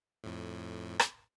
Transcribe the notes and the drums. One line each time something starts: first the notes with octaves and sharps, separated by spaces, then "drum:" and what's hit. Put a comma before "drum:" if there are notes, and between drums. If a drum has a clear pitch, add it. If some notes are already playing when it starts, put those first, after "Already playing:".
F2 A2
drum: rim click